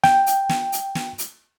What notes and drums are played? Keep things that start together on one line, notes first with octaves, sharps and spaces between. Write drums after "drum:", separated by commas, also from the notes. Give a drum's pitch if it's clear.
G5, drum: snare
drum: hi-hat
drum: snare
drum: hi-hat
drum: snare
drum: hi-hat